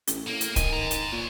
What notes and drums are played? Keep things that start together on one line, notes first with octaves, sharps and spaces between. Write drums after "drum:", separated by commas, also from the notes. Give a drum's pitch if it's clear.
A1, drum: hi-hat
A2 A#3
drum: hi-hat
F2 D#3 G#5, drum: kick D1, hi-hat
G#5 A#5
drum: hi-hat
A#2 B4 C#5